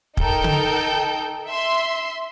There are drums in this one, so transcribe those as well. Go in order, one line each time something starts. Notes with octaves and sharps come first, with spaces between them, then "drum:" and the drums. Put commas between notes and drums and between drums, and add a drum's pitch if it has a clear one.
D#4 A4 A#4 G5 G6, drum: kick
drum: tom
E5 C6